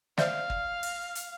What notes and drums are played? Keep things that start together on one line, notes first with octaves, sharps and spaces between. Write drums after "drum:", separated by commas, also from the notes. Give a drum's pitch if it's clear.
C5 D5 E5 F5, drum: snare
drum: kick
drum: open hi-hat
drum: hi-hat